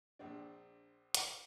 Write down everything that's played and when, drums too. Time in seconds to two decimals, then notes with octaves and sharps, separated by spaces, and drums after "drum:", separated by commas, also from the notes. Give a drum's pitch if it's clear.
0.19 A#1 C4 D4
1.14 drum: hi-hat